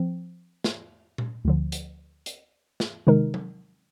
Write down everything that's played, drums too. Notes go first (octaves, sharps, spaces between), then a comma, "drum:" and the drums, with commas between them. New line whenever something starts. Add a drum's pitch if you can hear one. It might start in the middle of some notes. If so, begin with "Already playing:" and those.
Already playing: F3 C4
drum: snare
drum: tom A#2
D2 D3 F3
drum: hi-hat
drum: hi-hat
drum: snare
C3 D#3 G#3 D#4 A#4
drum: tom F#3